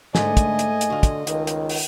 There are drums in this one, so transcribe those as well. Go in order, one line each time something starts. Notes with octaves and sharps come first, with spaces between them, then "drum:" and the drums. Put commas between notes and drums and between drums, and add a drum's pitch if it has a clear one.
G#2 D3 A3 A#3 D#5 G#5, drum: snare
drum: kick, hi-hat
drum: hi-hat
drum: hi-hat
D3 F4 F#4
drum: kick, hi-hat
C#2 D#3, drum: hi-hat
drum: hi-hat
drum: open hi-hat